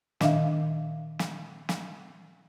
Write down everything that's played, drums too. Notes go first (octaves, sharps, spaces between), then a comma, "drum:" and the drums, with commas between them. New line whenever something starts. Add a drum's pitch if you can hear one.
A#2 D#3 D4 E5 F5, drum: snare
drum: snare
drum: snare